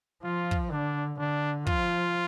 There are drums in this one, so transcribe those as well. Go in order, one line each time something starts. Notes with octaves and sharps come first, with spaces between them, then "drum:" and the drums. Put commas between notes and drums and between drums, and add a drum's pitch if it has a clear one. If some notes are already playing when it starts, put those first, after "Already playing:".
F3 F4
drum: kick
D3 D4
D3 D4
F3 F4, drum: kick